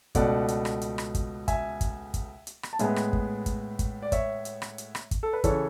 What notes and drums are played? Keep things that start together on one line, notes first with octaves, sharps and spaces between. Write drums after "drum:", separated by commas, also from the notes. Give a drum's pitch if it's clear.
C#2 B2 A3 D5 F#5, drum: kick, hi-hat
drum: hi-hat
drum: rim click
drum: hi-hat
drum: rim click
drum: kick, hi-hat
E5 G#5, drum: kick, hi-hat
drum: kick, hi-hat
drum: kick, hi-hat
drum: hi-hat
drum: rim click
A5
A2 G#3 B3 E5 G#5, drum: hi-hat
drum: rim click
drum: kick
drum: kick, hi-hat
drum: kick, hi-hat
D5
C#5 E5, drum: kick, hi-hat
drum: hi-hat
drum: rim click
drum: hi-hat
drum: rim click
drum: kick, hi-hat
A4
B4
C#3 E3 A4 C#5, drum: kick, hi-hat